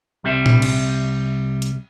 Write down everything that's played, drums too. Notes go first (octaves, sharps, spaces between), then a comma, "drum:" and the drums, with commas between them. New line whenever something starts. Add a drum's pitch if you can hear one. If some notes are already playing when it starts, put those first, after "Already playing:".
C2 G3 C4 E5
drum: tom A#2
drum: cymbal
drum: hi-hat